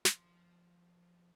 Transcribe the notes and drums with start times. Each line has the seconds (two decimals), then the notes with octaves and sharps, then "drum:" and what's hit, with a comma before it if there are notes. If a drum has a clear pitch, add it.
0.05 F3 C6, drum: snare